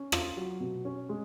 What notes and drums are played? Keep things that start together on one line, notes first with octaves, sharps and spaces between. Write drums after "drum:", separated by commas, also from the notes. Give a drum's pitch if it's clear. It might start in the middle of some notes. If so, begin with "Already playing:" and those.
Already playing: C#4
F4, drum: rim click
F#3
B2
C#4
G#3